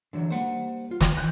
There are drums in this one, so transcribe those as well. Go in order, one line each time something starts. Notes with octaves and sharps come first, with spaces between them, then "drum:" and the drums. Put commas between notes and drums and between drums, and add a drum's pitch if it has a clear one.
D3 E3 F#3
G3 A#3 C5 F#5
F4
drum: snare
D#3 E3 F#6 G6